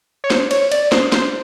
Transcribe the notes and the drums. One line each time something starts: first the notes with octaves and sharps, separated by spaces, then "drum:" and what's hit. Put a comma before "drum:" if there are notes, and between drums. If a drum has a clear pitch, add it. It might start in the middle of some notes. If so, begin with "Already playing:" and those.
C#5
C5, drum: snare
C#5, drum: cymbal
D5, drum: cymbal
C5, drum: snare
C5, drum: snare